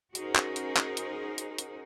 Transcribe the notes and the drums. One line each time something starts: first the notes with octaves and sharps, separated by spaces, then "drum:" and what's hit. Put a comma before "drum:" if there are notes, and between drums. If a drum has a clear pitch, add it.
C#4 D#4 F#4 G#4 A#4 C5, drum: hi-hat
drum: clap
drum: hi-hat
drum: clap
drum: hi-hat
drum: hi-hat
drum: hi-hat